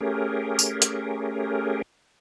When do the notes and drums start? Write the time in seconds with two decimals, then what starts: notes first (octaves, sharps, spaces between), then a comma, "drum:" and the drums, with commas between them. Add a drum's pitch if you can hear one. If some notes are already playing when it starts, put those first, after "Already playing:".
0.01 A3 C#4 G4 G#4 A#4
0.59 drum: tambourine
0.82 drum: hi-hat